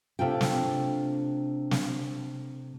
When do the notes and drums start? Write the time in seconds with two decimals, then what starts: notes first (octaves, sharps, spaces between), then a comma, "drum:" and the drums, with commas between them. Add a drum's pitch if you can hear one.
0.19 C3 A3 D4 F4 G5
0.41 drum: snare
1.71 drum: snare